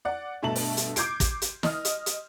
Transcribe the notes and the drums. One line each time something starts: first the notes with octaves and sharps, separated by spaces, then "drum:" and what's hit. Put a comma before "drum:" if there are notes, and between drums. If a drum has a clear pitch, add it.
D5 F#5
G2 B2 A3 A5 F#7
drum: open hi-hat
drum: hi-hat
D6 G6 G#6 C7 D7, drum: hi-hat
drum: kick, hi-hat
drum: hi-hat
D#5 D#6 F6, drum: snare
drum: hi-hat
drum: hi-hat